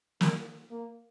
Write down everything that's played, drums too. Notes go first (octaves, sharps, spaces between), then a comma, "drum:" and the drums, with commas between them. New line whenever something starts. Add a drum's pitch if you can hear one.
A#3, drum: snare
A#3